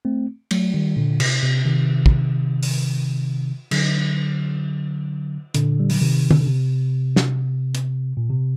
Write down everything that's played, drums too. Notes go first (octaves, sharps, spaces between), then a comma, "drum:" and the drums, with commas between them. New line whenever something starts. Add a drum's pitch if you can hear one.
A3 C4
F#3 A3, drum: cymbal
D#3 G3
A#2 D3
C3, drum: cymbal
C3
C3 D#3
drum: kick
drum: open hi-hat
D3 F#3, drum: cymbal
A#2 D3, drum: hi-hat
G3
F#3, drum: open hi-hat
C3 D#3
drum: tom
D3
C3
drum: snare
drum: hi-hat
A#2
C3